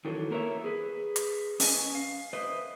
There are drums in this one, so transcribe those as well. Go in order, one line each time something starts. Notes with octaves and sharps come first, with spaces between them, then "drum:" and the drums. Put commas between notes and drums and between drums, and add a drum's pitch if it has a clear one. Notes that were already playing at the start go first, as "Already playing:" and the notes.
D#3 E3 F#3 A4
A#3 B3 A#4 C5 C#5 E5
G#4 B4
drum: hi-hat
C#4 B4 D#5 G#5, drum: open hi-hat
F5
B4 C5 D#5 E5